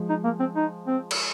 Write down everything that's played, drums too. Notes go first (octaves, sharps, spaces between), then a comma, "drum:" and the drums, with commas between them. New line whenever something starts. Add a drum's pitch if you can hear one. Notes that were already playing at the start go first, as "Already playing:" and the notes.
Already playing: F3 G#3
D#4
A#3
C4
D#4
C4
drum: cymbal